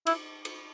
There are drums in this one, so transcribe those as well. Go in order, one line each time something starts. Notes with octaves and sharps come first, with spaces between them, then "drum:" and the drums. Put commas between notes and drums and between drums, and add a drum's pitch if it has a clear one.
E4, drum: cymbal
drum: cymbal